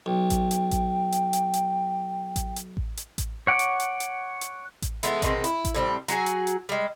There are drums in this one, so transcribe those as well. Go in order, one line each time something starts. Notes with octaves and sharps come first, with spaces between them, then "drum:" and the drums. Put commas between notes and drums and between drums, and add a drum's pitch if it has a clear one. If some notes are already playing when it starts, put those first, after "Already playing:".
B1 G5
drum: kick A1, hi-hat
drum: hi-hat
drum: kick A1, hi-hat
drum: hi-hat
drum: hi-hat
drum: hi-hat
drum: kick A1, hi-hat
drum: hi-hat
drum: kick A1
drum: hi-hat
drum: kick A1, hi-hat
C#5 F#5 D6
drum: hi-hat
drum: hi-hat
drum: hi-hat
drum: hi-hat
drum: kick A1, hi-hat
E3 G#3 A3 B3, drum: hi-hat
B2 D#3 G#3 C4, drum: kick A1, hi-hat
E4, drum: hi-hat
drum: kick A1, hi-hat
A2 G3 C4
F#3 F#4 G#4 G#5, drum: hi-hat
drum: hi-hat
drum: hi-hat
G3 G#3